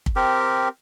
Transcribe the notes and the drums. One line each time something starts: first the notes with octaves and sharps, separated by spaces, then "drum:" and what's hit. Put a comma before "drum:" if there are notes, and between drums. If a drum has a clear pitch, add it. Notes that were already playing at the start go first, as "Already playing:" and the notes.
drum: kick
C4 G4 A#4